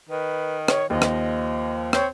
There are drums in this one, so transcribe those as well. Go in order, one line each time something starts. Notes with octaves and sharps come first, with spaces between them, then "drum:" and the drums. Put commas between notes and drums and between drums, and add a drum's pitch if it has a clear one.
D#3 B4
C#5, drum: rim click
D#2 F3 D#5
drum: rim click
C4 C#5, drum: rim click